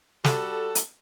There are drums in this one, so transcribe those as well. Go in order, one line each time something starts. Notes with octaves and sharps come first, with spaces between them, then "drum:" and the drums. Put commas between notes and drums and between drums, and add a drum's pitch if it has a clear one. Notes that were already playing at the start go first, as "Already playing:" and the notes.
G3 F#4 A4, drum: snare
drum: hi-hat